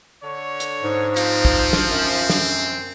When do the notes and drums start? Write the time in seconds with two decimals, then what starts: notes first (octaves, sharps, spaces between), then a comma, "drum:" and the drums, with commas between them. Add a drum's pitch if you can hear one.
0.24 D3 C#5
0.60 drum: hi-hat
0.83 G#2
1.16 F3 C4, drum: hi-hat
1.45 drum: kick
1.73 drum: snare
1.90 F#2
2.30 drum: snare